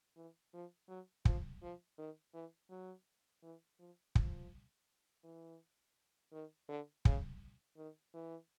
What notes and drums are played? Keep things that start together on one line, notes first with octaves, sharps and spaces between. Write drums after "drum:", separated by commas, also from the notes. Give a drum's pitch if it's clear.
E3
F3
F#3
F3, drum: kick
F3
D#3
E3
F#3
E3
F3
F3, drum: kick
E3
D#3
D3
C#3, drum: kick
D#3
E3